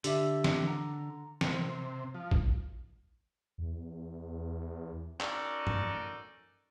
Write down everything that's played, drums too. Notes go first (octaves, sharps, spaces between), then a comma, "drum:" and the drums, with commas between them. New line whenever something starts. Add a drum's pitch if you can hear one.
D3 G4 E5, drum: hi-hat
drum: snare
F#5 A#5
C3, drum: snare
F3
drum: kick
E2
C#4 D#4 F#4 A4 A#4 D5, drum: clap
drum: tom